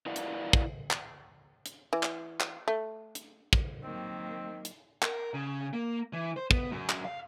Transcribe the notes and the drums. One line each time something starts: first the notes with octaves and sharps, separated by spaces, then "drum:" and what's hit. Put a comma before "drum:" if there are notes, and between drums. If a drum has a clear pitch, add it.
E4 A#4 B4 D5 F5 F#5
drum: hi-hat
drum: kick
drum: clap
drum: hi-hat
E3
drum: clap
drum: clap
A3
drum: hi-hat
drum: kick
D#3 F#3 A#3 C4
drum: hi-hat
A#4, drum: clap
C#3
A#3
E3
C5
B3, drum: kick
F#2
drum: clap
F5